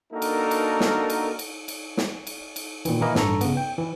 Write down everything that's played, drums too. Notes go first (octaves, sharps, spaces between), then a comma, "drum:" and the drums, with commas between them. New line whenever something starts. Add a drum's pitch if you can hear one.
A#3 D4 D#4 F#4 A4 A#4
drum: cymbal
drum: cymbal
drum: snare
drum: cymbal
drum: cymbal
drum: cymbal
drum: snare
drum: cymbal
drum: cymbal
A#2 D#3 E3, drum: cymbal
E3 A#3 E4 A#4 D#5
A1 G2 A4 A#5 C#6, drum: snare
C#3 B3, drum: cymbal
G5
E3